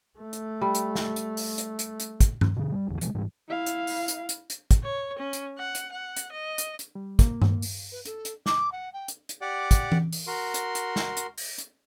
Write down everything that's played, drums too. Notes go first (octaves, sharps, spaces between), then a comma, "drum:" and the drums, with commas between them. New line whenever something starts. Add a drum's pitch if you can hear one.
A3
drum: hi-hat
G3
drum: hi-hat
drum: snare
drum: hi-hat
drum: open hi-hat
drum: hi-hat
drum: hi-hat
drum: hi-hat
drum: kick, hi-hat
drum: tom G2
B2 D3
G3
E1 A1 E2 D3
B2 E3 F3 G#3, drum: hi-hat
G#2 E3 G3
E4 F5
drum: hi-hat
drum: open hi-hat
drum: hi-hat
drum: hi-hat
drum: hi-hat
drum: kick, hi-hat
C#5
C#4
drum: hi-hat
F#5
drum: hi-hat
F#5
drum: hi-hat
D#5
drum: hi-hat
drum: hi-hat
G3
A#3, drum: kick, hi-hat
drum: tom G2
drum: open hi-hat
B4
A4, drum: hi-hat
drum: hi-hat
D6, drum: snare
F#5
G5
drum: hi-hat
drum: hi-hat
G4 D5 F#5 D6
drum: kick, hi-hat
drum: tom E3
drum: open hi-hat
F#4 A#4 C6
drum: hi-hat
drum: hi-hat
drum: snare
drum: hi-hat
drum: open hi-hat
drum: hi-hat